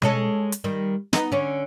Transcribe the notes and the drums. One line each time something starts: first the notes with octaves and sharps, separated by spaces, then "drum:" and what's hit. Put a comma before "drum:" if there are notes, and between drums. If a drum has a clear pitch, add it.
G#3 C#4 A4, drum: tom B2
drum: hi-hat
D#3 G3
B3 D#4, drum: snare
D3 C#4